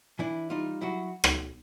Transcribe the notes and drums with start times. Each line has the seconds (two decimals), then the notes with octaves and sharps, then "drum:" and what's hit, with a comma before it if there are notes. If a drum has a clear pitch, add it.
0.19 E3 D4 E4
0.50 G3 D#4 F4
0.81 F#3 E4 F#4
1.24 drum: rim click